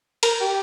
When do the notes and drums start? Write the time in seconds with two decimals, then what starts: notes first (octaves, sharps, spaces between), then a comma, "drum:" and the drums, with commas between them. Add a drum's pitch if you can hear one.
0.23 A#4, drum: cymbal
0.41 G4